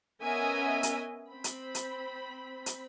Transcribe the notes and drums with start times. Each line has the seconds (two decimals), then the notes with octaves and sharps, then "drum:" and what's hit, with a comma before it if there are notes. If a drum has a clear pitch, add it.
0.22 B3 C#4 A#4 D#5 E5 G#5
0.83 drum: hi-hat
1.31 C4 B5
1.44 drum: hi-hat
1.75 drum: hi-hat
2.66 drum: hi-hat